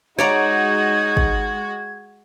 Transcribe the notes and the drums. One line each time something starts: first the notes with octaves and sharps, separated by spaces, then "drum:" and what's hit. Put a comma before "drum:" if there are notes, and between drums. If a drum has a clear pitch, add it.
G#3 D#4 F#4 C#5 D5 A#5 G#6
drum: kick